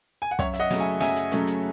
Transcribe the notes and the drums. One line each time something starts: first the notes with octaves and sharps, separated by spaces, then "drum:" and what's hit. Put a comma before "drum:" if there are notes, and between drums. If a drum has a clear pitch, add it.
G#5
F#5
F#2 C#5 E5, drum: kick, hi-hat
E5, drum: hi-hat
D#5 F#5
C#3 F#3 A3 C#4, drum: snare
E5 G#5
F#2 E5 G#5, drum: snare
drum: hi-hat
C#3 F#3 A3 C#4, drum: hi-hat
drum: hi-hat